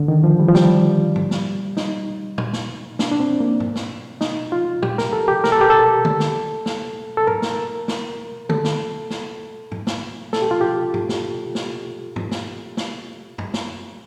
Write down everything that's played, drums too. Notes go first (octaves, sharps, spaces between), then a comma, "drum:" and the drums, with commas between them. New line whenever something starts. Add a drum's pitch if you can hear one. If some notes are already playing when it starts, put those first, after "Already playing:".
Already playing: D3
D#3
F3
G3
F3
G3, drum: snare
drum: tom G#2
drum: snare
D#4, drum: snare
drum: tom
drum: snare
D4, drum: snare
D4
C4
A#3
drum: tom G#2
drum: snare
D#4, drum: snare
F4
G4, drum: tom
A#4, drum: snare
A4
G4
A#4, drum: snare
A4
G4
A4
drum: tom D3
drum: snare
drum: snare
A4
A#4, drum: tom G#2
drum: snare
drum: snare
A4, drum: tom D3
drum: snare
drum: snare
drum: tom G#2
drum: snare
A4, drum: snare
G4
F4
G4
drum: tom G#2
drum: snare
drum: snare
drum: tom G#2
drum: snare
drum: snare
drum: tom F#2
drum: snare